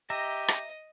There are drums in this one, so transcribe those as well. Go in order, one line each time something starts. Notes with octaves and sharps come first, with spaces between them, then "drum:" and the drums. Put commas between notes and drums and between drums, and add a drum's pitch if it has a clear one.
G4 D#5 E5 A#5
drum: rim click